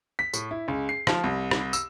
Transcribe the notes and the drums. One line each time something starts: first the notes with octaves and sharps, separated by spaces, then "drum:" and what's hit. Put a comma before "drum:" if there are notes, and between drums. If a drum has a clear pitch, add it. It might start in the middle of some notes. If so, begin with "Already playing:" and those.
B6
A2, drum: tambourine
E4
C#2
C7
F3, drum: rim click
C2
drum: rim click
E6, drum: tambourine